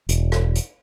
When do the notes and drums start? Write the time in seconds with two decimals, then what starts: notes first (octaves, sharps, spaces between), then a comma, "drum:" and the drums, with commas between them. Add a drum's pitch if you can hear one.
0.09 E1, drum: hi-hat
0.32 drum: rim click
0.55 drum: hi-hat